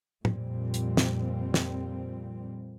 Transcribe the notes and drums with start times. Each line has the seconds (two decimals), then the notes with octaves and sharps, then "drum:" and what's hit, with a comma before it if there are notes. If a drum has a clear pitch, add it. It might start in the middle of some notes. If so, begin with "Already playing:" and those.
0.25 F2 A#2 G3 C4, drum: tom
0.74 drum: hi-hat
0.97 drum: snare
1.54 drum: snare